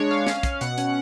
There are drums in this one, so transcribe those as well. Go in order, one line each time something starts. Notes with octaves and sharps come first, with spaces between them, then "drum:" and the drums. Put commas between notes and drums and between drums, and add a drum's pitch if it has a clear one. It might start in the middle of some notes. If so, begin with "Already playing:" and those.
Already playing: G#3 D4 C#5
G#3 F5
C#4, drum: snare
C#4, drum: kick, hi-hat
B2 F#5, drum: hi-hat
C#4, drum: hi-hat